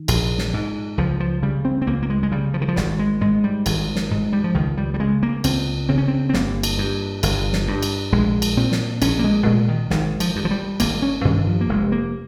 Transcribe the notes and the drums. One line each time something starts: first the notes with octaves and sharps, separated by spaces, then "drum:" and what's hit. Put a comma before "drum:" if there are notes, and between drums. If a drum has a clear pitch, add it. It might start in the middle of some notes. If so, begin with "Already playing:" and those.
Already playing: D#3
A#1, drum: cymbal
drum: snare
G#2
C#2 F3
F3
C#3 G3
C4
C4
C#2 A#3
A#3
G#3
G#3
C#3 G3
F3
D#3
F3
G#1 G3, drum: snare
G#3
G#2 G#3
G3
G#1, drum: cymbal
drum: snare
G#2
G3
F3
C#2 D#3
G3
G3
C#3 G#3
A#3
C#2 C4, drum: cymbal
C#3 C4
C#4
C4
C4
G1 A#3, drum: snare
drum: cymbal
G2
G1, drum: cymbal
drum: snare
G2
drum: cymbal
A#1 G#3
drum: cymbal
A#2 C4
drum: snare
A#1 C#4, drum: cymbal
A#3
G#3
A#2 G#3
D#3
G#1 D#3, drum: snare
F3, drum: cymbal
G2
F3
G3
G#1 A#3, drum: cymbal
C#4
G2 D#3
F3
A#3
F1 G#3
A#3